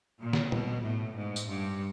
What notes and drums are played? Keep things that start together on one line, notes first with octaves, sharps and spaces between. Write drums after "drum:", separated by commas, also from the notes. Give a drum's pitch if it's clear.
A#2
drum: snare
B2, drum: tom
A2
G#2
drum: tambourine
G2